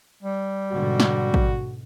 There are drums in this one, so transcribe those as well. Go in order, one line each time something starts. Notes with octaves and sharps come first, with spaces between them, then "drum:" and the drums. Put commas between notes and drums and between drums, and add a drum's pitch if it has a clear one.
G3
G#2 B2 D3 F#4
drum: snare
drum: kick